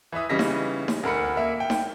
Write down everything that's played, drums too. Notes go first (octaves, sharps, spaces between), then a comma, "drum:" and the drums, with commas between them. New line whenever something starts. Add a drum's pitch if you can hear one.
E3 B4 E5 D#6
C#3 E3 G3 D#5 A#6 B6
drum: snare D#4
drum: snare D#4
D2 A#4 B5 C#7
A#3 E5
G5
drum: snare D#4